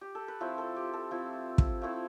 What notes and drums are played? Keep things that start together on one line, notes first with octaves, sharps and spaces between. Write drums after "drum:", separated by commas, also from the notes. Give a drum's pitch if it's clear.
G4
A4
B4
F3 A3 C4 E4 C5
A4
G4
A4
F3 A3 C4 E4
drum: kick
F3 A3 C4 E4